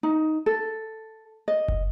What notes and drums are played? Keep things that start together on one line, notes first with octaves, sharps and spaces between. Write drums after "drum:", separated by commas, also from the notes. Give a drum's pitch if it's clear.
D#4
A4
D#5
drum: kick F#1